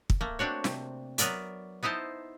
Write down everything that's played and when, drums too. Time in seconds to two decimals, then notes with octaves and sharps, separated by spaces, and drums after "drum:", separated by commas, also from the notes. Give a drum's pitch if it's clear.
0.10 drum: kick
0.21 A3 A#3
0.39 C4 D4 F#4 C#5
0.64 C3, drum: snare
1.18 F#3 B3 A#4 D5 E5, drum: hi-hat
1.83 B3 D#4 E4 C5 A5